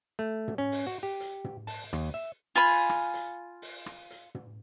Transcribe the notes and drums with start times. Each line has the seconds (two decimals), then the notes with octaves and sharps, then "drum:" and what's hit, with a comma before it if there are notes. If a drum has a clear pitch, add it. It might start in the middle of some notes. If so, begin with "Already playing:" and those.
0.19 A3
0.48 drum: tom
0.58 C#4
0.72 drum: open hi-hat
0.87 F#4
1.03 G4
1.20 drum: hi-hat
1.44 drum: tom
1.67 A5, drum: open hi-hat
1.93 D#2, drum: rim click
2.14 E5
2.55 F4 G#5 B5
2.65 drum: open hi-hat
2.90 drum: rim click
3.14 drum: hi-hat
3.62 drum: open hi-hat
3.86 drum: rim click
4.10 drum: hi-hat
4.35 drum: tom